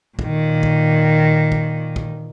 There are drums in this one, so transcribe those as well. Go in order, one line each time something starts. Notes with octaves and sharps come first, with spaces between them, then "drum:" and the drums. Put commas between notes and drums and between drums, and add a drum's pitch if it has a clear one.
A#2 D#3, drum: kick
drum: kick
drum: kick
drum: kick